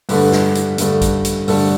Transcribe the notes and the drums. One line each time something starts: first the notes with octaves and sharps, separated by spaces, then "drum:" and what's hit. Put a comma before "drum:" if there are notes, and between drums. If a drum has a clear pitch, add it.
G2 D3 A3 B4, drum: open hi-hat
drum: snare
drum: hi-hat
G2 D3 A3, drum: hi-hat
drum: kick, hi-hat
drum: hi-hat
G2 D3 A3 A4, drum: open hi-hat